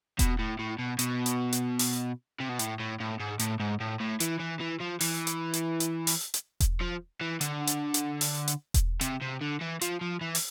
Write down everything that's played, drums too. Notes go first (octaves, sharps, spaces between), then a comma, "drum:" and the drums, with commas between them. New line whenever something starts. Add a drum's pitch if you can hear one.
B2, drum: kick E1, hi-hat
A2
A2
B2
B2, drum: hi-hat
drum: hi-hat
drum: hi-hat
drum: open hi-hat
C3
B2
A2, drum: hi-hat
A2
A2
G#2
A2, drum: hi-hat
G#2
A2
A2
E3, drum: hi-hat
E3
E3
F3
E3, drum: open hi-hat
drum: hi-hat
drum: hi-hat
drum: hi-hat
drum: open hi-hat
drum: hi-hat
drum: kick E1, hi-hat
F3
E3
D3, drum: hi-hat
drum: hi-hat
drum: hi-hat
drum: open hi-hat
drum: hi-hat
drum: kick E1, hi-hat
C3, drum: hi-hat
C3
D3
E3
F3, drum: hi-hat
F3
E3
drum: open hi-hat